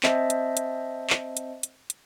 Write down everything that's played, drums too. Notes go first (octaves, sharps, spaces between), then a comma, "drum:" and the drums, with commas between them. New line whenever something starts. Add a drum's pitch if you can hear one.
C4 C5 D#5 E5 A5, drum: clap
drum: hi-hat
drum: hi-hat
drum: clap
drum: hi-hat
drum: hi-hat
drum: hi-hat